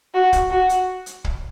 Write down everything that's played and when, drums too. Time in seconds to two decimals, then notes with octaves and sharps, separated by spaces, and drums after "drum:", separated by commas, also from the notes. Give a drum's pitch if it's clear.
0.14 F#4
0.33 drum: kick, hi-hat
0.51 F#4
0.69 drum: hi-hat
1.06 drum: hi-hat
1.24 drum: kick